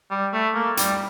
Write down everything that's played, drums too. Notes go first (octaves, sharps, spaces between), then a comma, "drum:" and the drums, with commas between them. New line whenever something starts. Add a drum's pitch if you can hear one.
G3
A3
A#3
G3, drum: hi-hat